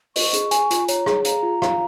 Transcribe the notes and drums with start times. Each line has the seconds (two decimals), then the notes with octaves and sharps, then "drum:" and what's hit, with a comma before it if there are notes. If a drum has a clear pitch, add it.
0.16 D#5 C#6, drum: open hi-hat
0.33 G#4, drum: hi-hat
0.51 G#5, drum: hi-hat
0.71 F4, drum: hi-hat
0.88 C#5 A#5, drum: hi-hat
1.06 G#4, drum: rim click
1.25 F5 A#5, drum: hi-hat
1.43 F4
1.62 F5, drum: rim click